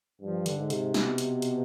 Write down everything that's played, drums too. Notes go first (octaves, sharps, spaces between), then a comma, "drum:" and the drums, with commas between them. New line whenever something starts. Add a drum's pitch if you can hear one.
G2 F3
D3, drum: hi-hat
G#2
C3, drum: hi-hat
B2, drum: snare
drum: hi-hat
drum: hi-hat